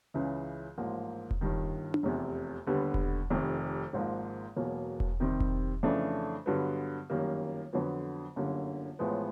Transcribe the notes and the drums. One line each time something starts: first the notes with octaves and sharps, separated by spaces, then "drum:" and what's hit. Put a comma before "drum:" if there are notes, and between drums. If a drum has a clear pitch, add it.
C#2 C#3 E3
A1 G#2 F3 A#3
drum: kick E1
G1 G2 D#3
drum: tom D4
F1 E2 C3
D#2 D3 G3 B3
drum: kick E1
F1 F2 C3 D#3
G#1 G#2 F3 A#3
E1 E2 B2 F#3 A#3
drum: kick E1
C3 D#3 G3 C4
drum: kick E1
F2 C#3 E3 A3 D4
G2 D3 F#3 B3
G1 F#2 D#3 G3 A#3
F2 D3 F#3 B3
G1 F#2 D3 G3 A#3
A1 A2 F3 G#3 B3